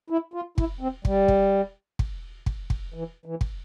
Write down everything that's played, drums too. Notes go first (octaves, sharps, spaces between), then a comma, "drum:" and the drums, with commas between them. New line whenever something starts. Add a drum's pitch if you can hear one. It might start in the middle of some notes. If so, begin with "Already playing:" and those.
E4
F4
E4, drum: kick
C4
G3, drum: kick
drum: kick
drum: kick
drum: kick
drum: kick
E3
E3
drum: kick